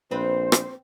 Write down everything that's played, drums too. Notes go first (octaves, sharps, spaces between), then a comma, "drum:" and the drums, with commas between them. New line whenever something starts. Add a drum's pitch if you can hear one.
A#1 C4 B4 C5
drum: rim click